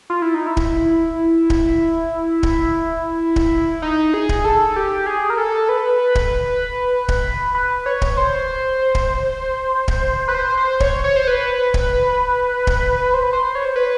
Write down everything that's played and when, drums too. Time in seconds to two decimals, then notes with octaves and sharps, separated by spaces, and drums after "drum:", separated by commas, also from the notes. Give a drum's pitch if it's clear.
0.10 F4
0.22 E4
0.34 D#4
0.47 E4
0.57 drum: kick D1
1.50 drum: kick D1
2.43 drum: kick D1
3.36 drum: kick D1
3.82 D#4
4.14 G#4
4.29 drum: kick D1
4.45 A4
4.76 G4
5.06 G#4
5.30 A#4
5.38 A4
5.69 B4
6.15 drum: kick D1
7.08 drum: kick D1
7.55 B4
7.86 C#5
8.02 drum: kick D1
8.17 C5
8.95 drum: kick D1
9.88 drum: kick D1
10.28 B4
10.35 C5
10.58 C5
10.80 C#5, drum: kick D1
11.04 C#5
11.16 C5
11.27 B4
11.74 drum: kick D1
12.67 drum: kick D1
13.14 C5
13.23 B4
13.33 C5
13.45 C5
13.55 C#5
13.65 C5
13.76 B4